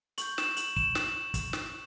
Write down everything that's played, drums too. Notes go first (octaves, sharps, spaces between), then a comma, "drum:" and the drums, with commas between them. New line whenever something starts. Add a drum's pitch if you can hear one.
C#6 G6 F#7, drum: hi-hat
E7, drum: snare
F#7, drum: hi-hat
E7, drum: kick
drum: snare
drum: kick, hi-hat
drum: snare